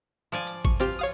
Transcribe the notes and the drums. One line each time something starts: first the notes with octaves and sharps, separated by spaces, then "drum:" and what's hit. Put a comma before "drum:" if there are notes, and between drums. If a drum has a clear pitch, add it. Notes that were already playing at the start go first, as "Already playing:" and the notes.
F3 D5 G#5
drum: hi-hat
C#6, drum: kick
C4 F4 G4, drum: hi-hat
C#5 F5 D#6